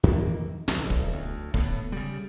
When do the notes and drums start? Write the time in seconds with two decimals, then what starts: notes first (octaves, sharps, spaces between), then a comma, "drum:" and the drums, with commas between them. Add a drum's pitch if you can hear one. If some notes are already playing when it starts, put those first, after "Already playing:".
0.03 F2 D#3 E3 A#3
0.68 D1 B1, drum: snare
0.90 drum: kick
1.12 D2
1.54 A2 D3 B3, drum: kick
1.92 C#3 G3